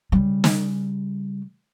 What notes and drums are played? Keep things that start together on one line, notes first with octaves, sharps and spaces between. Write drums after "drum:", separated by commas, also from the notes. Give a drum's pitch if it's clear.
C#3 G3
drum: snare